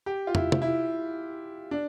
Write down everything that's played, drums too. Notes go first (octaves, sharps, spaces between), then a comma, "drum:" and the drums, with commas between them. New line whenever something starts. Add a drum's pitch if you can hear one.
G4
F4
E4, drum: tom
drum: tom C3
E4
D4